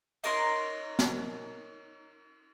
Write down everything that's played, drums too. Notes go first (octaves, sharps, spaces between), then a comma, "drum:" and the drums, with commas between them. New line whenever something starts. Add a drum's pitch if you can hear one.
D#4 A#4 C#5 C6, drum: cymbal
drum: snare